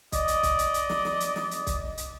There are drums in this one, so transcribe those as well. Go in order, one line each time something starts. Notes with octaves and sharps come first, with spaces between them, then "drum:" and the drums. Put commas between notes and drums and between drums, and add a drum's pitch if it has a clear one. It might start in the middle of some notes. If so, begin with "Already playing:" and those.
D5 D#5, drum: kick, hi-hat
drum: hi-hat
drum: kick, hi-hat
drum: hi-hat
drum: hi-hat
drum: snare
drum: snare
drum: hi-hat
drum: snare
drum: hi-hat
drum: kick, hi-hat
drum: hi-hat